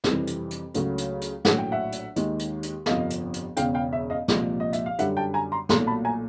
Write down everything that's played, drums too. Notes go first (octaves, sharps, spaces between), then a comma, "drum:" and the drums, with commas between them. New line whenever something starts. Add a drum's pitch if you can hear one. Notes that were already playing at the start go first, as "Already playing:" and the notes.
F2 C3 E3 G3, drum: snare
drum: hi-hat
drum: hi-hat
C#2 C#3 F#3 A3, drum: hi-hat
drum: hi-hat
drum: hi-hat
A#1 A2 F#3 F#5, drum: snare
G5
E5 F#5
drum: hi-hat
D#2 D#3 G#3, drum: hi-hat
drum: hi-hat
drum: hi-hat
G1 F2 C3 F3 D#5 F5, drum: snare
drum: hi-hat
drum: hi-hat
E1 E2 C#3 F5 G5, drum: hi-hat
F5 G5
E5
D#5 F5
C2 A#2 F3 G#3, drum: snare
D#5
E5, drum: hi-hat
F5
F#2 D3 G3 E5 F#5, drum: hi-hat
G5 A5
G#5 A#5
A#5 C6
B1 A#2 F#3 A3 A#5 C6, drum: snare
A5 B5
G#5 A#5